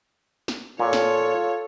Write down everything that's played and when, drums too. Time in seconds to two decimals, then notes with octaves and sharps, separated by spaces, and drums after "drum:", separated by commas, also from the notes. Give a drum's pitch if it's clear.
0.48 drum: snare
0.79 A#2 F4 A4 C#5
0.93 drum: snare